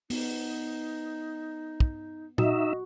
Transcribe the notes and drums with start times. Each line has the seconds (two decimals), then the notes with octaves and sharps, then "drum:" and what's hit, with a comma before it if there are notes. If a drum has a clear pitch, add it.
0.10 B3 D#4, drum: open hi-hat
1.80 drum: kick
2.38 D#4 F#4 D#5 E5, drum: tom A#2